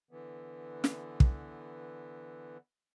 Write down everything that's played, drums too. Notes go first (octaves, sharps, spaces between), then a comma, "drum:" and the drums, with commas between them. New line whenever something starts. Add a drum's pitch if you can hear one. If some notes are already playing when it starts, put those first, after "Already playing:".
D3 E3 B3
drum: snare
drum: kick